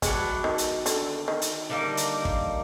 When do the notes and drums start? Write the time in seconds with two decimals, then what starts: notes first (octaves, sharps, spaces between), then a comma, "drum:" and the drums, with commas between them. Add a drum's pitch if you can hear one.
0.02 G#3 B3 D4 F#4 A4, drum: kick, hi-hat
0.44 D#3
0.58 drum: hi-hat
0.86 D3, drum: hi-hat
1.28 D#3
1.42 drum: hi-hat
1.70 D3 G3 A#3 D#4
1.97 drum: hi-hat
2.25 drum: kick